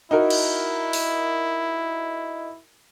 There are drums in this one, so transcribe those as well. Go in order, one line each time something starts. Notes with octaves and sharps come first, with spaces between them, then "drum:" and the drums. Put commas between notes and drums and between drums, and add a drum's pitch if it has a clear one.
D#4 E4 F#4 A#4
drum: cymbal
drum: open hi-hat